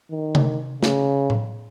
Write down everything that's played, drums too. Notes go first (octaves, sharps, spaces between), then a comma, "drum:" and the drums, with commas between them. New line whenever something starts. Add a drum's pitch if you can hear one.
D#3
drum: tom C3
C#3, drum: snare
drum: tom A2